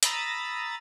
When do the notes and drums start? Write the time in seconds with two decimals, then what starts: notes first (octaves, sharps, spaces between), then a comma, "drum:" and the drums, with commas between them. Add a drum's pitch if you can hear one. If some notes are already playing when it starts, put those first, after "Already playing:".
0.03 A#5 B5 D#6 E6 A6, drum: hi-hat